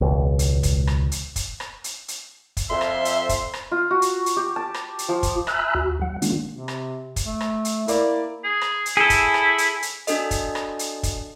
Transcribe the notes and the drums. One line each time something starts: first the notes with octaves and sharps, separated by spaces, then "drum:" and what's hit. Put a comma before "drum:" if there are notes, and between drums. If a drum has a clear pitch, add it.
E1 C#2
drum: hi-hat
drum: kick, hi-hat
drum: rim click
drum: hi-hat
drum: kick, hi-hat
drum: rim click
drum: hi-hat
drum: hi-hat
drum: kick, hi-hat
F2 E5 C6
drum: rim click
drum: hi-hat
drum: kick, hi-hat
drum: rim click
F4
F#4
drum: hi-hat
drum: hi-hat
G4
A5
drum: rim click
drum: hi-hat
F3
drum: kick, hi-hat
E5 G#5 A#5 B5 E6 F#6, drum: rim click
D#2 F#4
F#3 F#5
D#3 G#3 A#3 C#4 D4 F4, drum: hi-hat
C3
drum: rim click
drum: kick, hi-hat
A3
drum: rim click
drum: hi-hat
A#3 E4 D5, drum: hi-hat
G#4
drum: rim click
drum: hi-hat
E4 G#4 A4
drum: kick, hi-hat
drum: rim click
drum: hi-hat
drum: hi-hat
D4 F#4 A4 D#5, drum: hi-hat
drum: kick, hi-hat
drum: rim click
drum: hi-hat
drum: kick, hi-hat